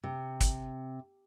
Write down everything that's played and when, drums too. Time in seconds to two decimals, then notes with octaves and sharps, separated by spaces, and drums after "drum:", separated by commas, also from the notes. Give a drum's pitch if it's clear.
0.04 C3
0.40 drum: kick, hi-hat